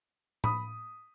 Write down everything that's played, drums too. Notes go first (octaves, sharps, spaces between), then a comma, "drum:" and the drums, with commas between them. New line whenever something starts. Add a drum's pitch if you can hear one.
B5 D#6, drum: tom A2